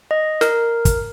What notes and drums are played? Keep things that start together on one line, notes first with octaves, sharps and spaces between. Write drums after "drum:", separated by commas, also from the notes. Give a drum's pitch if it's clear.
D#5
A#4, drum: snare
drum: kick, hi-hat